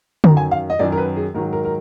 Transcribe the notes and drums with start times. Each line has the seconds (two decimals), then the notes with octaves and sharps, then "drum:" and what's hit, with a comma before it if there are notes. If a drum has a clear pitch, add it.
0.24 F#2 D#3 F#3 A#5, drum: tom D3
0.37 G#5
0.51 F5
0.70 D#5
0.79 F#2 D#3 F#3 D5
0.92 A#4
0.97 B4
1.16 G#4
1.34 G#2 D#3 F#3 A#4
1.53 A#4
1.65 A#4